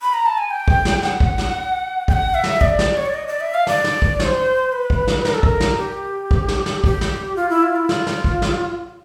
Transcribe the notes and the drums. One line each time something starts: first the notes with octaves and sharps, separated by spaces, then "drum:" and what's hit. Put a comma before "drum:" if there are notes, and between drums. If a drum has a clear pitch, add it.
B5
A#5
A5
G#5
G5
drum: kick
drum: snare
F#5, drum: snare
drum: kick
drum: snare
G5, drum: kick
F#5
E5
drum: snare
D5, drum: kick
drum: snare
C#5
D5
D#5
D5
E5
F5
D5, drum: snare
drum: snare
drum: kick
C#5, drum: snare
C5
B4
drum: kick
drum: snare
A#4, drum: snare
A4
A#4, drum: kick
drum: snare
G4
drum: kick
drum: snare
drum: snare
G4, drum: kick
drum: snare
F4
E4
F4
E4
F4, drum: snare
drum: snare
drum: kick
drum: snare